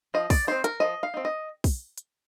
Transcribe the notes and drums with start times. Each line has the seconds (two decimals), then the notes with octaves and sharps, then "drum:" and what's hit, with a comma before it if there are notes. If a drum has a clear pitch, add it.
0.14 F3 D#5
0.30 D5, drum: kick, open hi-hat
0.47 C4 D#4 C5
0.64 A#4, drum: hi-hat
0.80 F3 D#5
1.03 F5
1.14 C4 D#4
1.25 D#5
1.64 drum: kick, open hi-hat
1.97 drum: hi-hat